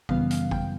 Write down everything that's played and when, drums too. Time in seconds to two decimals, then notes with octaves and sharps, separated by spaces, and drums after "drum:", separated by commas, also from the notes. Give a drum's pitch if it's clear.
0.09 F#2 C#3 E3 G3 B3 F5, drum: kick G#1
0.31 F5, drum: hi-hat
0.51 G5, drum: kick G#1